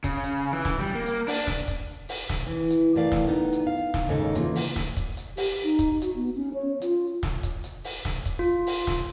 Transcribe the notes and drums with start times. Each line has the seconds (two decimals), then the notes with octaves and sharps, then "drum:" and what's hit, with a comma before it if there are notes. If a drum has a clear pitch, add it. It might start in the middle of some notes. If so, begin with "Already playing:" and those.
0.04 C#3, drum: kick, hi-hat
0.24 drum: hi-hat
0.53 E3
0.65 drum: snare
0.80 G3
0.95 A#3
1.06 drum: hi-hat
1.28 D4, drum: open hi-hat
1.47 drum: snare
1.68 drum: kick, hi-hat
2.09 drum: open hi-hat
2.29 drum: snare
2.47 E3
2.70 drum: hi-hat
2.96 A2 E3 A#4 D5 F5
3.12 drum: snare
3.28 B3 D#4
3.53 drum: hi-hat
3.67 F5
3.94 drum: snare
4.08 D#2 G#2 C#3 D#4 A4 C#5
4.35 E3 A#3 F4, drum: hi-hat
4.55 drum: open hi-hat
4.76 drum: snare
4.97 drum: kick, hi-hat
5.17 drum: hi-hat
5.37 G4, drum: open hi-hat
5.63 D#4
5.79 drum: kick, hi-hat
6.02 F#4, drum: hi-hat
6.16 B3
6.36 C#4
6.54 C#5
6.82 F4, drum: hi-hat
7.23 drum: snare
7.43 drum: kick, hi-hat
7.64 drum: hi-hat
7.84 drum: open hi-hat
8.05 drum: snare
8.25 drum: kick, hi-hat
8.39 F4
8.67 drum: open hi-hat
8.87 drum: snare